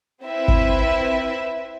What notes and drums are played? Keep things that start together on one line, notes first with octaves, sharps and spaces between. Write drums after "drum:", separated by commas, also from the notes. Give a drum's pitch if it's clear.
C4 E4 B4 E5
drum: kick G1